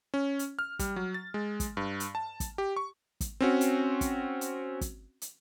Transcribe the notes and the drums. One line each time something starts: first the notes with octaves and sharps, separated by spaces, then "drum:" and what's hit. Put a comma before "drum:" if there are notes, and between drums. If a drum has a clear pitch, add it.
C#4
drum: hi-hat
F6
G3, drum: kick, hi-hat
F#3
A6
G#3
drum: kick, hi-hat
G2
drum: hi-hat
A5
drum: kick, hi-hat
G4
C#6
drum: kick, hi-hat
C4 C#4 F#4
drum: hi-hat
drum: kick, hi-hat
drum: hi-hat
drum: kick, hi-hat
drum: hi-hat